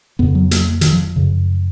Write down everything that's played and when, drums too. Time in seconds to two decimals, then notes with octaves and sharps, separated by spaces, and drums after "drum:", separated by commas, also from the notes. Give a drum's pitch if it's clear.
0.19 F2 C#3 B3
0.35 F#3
0.51 A#3, drum: hi-hat
0.81 D#3, drum: hi-hat
0.92 F3
1.16 F#2 C#3